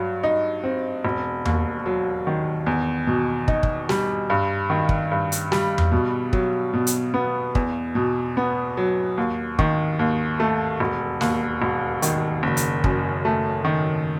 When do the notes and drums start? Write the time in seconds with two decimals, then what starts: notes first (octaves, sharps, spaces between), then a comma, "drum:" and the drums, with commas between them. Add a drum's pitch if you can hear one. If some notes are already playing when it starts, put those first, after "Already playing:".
Already playing: G2 F#3
0.23 D#4
0.64 C4
1.05 E1
1.45 D#2, drum: tom E2
1.86 F#3
2.27 D#3
2.66 E2
3.07 B2
3.48 D#4, drum: kick
3.63 drum: kick
3.89 G3, drum: snare
4.30 G2
4.70 D#3
4.89 drum: kick
5.12 G2
5.32 drum: hi-hat
5.52 G3, drum: snare
5.78 drum: tom E2
5.92 B2
6.33 F#3, drum: kick
6.74 B2
6.87 drum: hi-hat
7.14 B3
7.55 E2, drum: kick
7.95 B2
8.37 B3
8.77 F#3
9.18 D#2
9.59 D#3, drum: kick
9.99 D#2
10.40 A3
10.80 E1
11.21 D#2, drum: snare
11.62 E1
12.02 D#3, drum: hi-hat
12.43 F#1
12.57 drum: hi-hat
12.84 F#2, drum: kick
13.25 A3
13.65 D#3